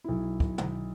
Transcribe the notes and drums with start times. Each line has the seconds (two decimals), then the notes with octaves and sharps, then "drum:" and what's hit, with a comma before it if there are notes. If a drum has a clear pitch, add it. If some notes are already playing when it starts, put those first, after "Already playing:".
0.04 B1 E4
0.40 drum: kick
0.58 drum: tom